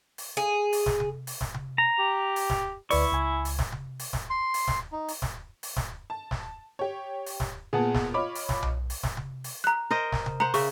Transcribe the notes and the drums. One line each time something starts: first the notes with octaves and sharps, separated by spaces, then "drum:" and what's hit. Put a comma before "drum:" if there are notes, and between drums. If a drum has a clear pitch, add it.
drum: open hi-hat
G#4
drum: open hi-hat
drum: snare
drum: tom C3
drum: open hi-hat
drum: snare
drum: tom C3
A#5
G4
drum: open hi-hat
drum: snare
D2 E4 B4 D5 C#6, drum: open hi-hat
C#2 G#5
drum: open hi-hat
drum: snare
drum: tom C3
drum: open hi-hat
drum: snare
C6
drum: open hi-hat
drum: snare
D#4
drum: open hi-hat
drum: snare
drum: open hi-hat
drum: snare
A5
drum: snare
G4 C#5
drum: open hi-hat
drum: snare
A#2 B3 G#4 F#5 A5
drum: snare
F4 C#5 D#5 B5 D6
drum: open hi-hat
drum: snare
drum: tom B1
drum: open hi-hat
drum: snare
drum: tom C3
drum: open hi-hat
A#5 F#6
A#4 C5 D#5
drum: snare
drum: tom C3
C5 F#5 A#5
C#3 E5 C#6, drum: open hi-hat